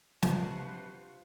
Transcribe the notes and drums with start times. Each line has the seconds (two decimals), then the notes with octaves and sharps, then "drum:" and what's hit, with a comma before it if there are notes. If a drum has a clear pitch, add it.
0.22 C3 D4 F4 F#4 B4 C5 C6, drum: snare